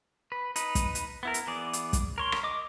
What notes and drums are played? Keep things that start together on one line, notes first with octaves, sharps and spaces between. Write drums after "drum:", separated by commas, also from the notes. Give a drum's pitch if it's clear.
B4
D#4 B4, drum: hi-hat
drum: kick, hi-hat
drum: hi-hat
B3 E4 A#4
drum: hi-hat
E3 B3 G#4 D5
drum: hi-hat
drum: kick, hi-hat
A#4 C#5 C6
drum: rim click
D#5 D6